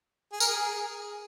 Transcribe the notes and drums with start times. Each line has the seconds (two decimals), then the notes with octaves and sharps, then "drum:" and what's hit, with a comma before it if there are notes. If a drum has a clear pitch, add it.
0.32 G#4
0.40 A#4, drum: tambourine
0.47 G#4